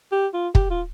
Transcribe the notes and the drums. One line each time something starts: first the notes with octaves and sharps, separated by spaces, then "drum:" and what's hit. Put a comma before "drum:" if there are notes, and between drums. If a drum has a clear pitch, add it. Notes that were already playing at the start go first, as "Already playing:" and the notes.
G4
F4
G4, drum: kick
F4